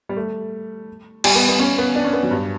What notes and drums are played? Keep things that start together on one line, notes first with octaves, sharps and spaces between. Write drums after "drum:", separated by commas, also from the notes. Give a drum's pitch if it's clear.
G3
A3
G3, drum: cymbal
B3
B3
C#4
B3
D4
C#4
B3
F#3
G2